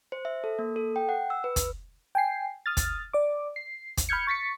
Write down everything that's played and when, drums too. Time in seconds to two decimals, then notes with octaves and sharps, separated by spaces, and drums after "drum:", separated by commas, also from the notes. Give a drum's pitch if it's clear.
0.12 C5
0.25 E5
0.44 A4
0.59 A#3
0.76 A4
0.96 G5
1.09 F#5
1.30 E6
1.44 B4
1.56 drum: kick, hi-hat
2.15 G5 G#5 C7
2.66 D#6 F6 A6
2.77 drum: kick, hi-hat
3.13 D5 D6
3.56 C7
3.97 drum: kick, hi-hat
4.09 B5 F6 G6 G#6 C#7
4.27 C#6 A6 B6 C#7